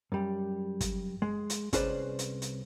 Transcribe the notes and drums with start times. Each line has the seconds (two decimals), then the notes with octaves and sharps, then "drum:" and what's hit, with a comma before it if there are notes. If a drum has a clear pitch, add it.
0.12 F#2 G3
0.81 drum: kick, hi-hat
1.22 G#3
1.50 drum: hi-hat
1.73 C2 C#4 G#4 B4 C5 D5, drum: kick, hi-hat
2.19 drum: hi-hat
2.42 drum: hi-hat